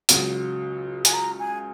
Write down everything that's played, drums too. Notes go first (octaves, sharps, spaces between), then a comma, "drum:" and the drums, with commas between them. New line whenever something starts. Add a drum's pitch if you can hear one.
C#2 C#3 F#3, drum: hi-hat
G#5, drum: hi-hat
A#5
G#5